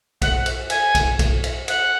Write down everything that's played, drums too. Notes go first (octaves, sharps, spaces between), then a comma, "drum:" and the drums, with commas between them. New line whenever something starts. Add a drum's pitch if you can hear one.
F#5, drum: kick B1, cymbal
drum: cymbal
G#5, drum: cymbal
drum: kick B1, cymbal
drum: kick B1, cymbal
drum: cymbal
F#5, drum: cymbal